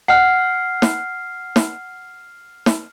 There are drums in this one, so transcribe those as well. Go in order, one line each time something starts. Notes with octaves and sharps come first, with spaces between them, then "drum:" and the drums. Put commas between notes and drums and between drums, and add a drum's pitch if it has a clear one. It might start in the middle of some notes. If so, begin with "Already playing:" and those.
F#5 F6 C7
drum: snare
drum: snare
drum: snare